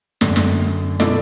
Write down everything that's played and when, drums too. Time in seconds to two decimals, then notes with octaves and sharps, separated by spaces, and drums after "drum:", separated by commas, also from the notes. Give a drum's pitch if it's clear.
0.21 F#2 D3 A3 D4, drum: snare
0.36 drum: snare
1.00 B2 A3 E4 A4 D5, drum: snare